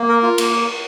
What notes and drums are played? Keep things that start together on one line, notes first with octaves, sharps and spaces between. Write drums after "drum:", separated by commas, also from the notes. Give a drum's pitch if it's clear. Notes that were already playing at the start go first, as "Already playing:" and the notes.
Already playing: A#3
A#4
F4
A#3, drum: cymbal